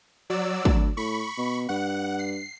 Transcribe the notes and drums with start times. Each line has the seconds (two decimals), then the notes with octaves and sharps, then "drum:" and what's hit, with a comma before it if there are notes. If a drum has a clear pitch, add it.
0.30 F#3 D5 E6
0.65 D2, drum: kick
0.97 A2 B5 C#6
1.37 B2
1.69 G2 F#5
2.19 C7